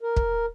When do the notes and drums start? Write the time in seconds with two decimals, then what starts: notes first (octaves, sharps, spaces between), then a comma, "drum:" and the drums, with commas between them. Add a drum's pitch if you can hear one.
0.01 A#4
0.17 drum: kick